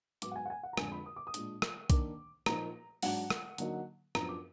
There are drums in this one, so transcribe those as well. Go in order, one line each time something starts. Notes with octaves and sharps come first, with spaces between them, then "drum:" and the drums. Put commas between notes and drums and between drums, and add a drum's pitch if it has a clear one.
G#2 F#3 B3 D6, drum: hi-hat
F#5
G#5
F#5
G#5
F#5
A#5
F2 D3 G#3 D4 G#5, drum: rim click
B5
D#6
D6
D#6
A#2 G#3 D4, drum: hi-hat
drum: rim click
D#3 A#3 D4 D6, drum: kick B1, hi-hat
A#2 F3 A#3 D#4 A#5, drum: rim click
G#2 F#3 D4 F#5, drum: open hi-hat
drum: rim click
D3 F#3 A#3 D#4, drum: hi-hat
F#2 F3 B3 D4 A#5, drum: rim click
D6